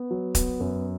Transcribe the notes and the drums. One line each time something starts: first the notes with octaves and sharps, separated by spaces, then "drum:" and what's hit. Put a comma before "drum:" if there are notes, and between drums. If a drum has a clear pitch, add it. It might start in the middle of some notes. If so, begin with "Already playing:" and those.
Already playing: B3
F#3
B3, drum: kick, hi-hat
F#2